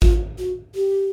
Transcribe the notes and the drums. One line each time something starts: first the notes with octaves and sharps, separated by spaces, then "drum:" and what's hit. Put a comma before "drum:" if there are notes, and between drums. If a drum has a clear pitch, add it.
F4, drum: kick A1
F#4
G4